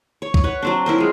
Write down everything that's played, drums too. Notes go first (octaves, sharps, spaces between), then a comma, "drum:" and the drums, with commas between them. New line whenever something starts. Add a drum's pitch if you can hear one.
C#5
drum: kick
B4 C#5 F#5
F#3 C4 D4
E4 A#4 C5
G#3 F4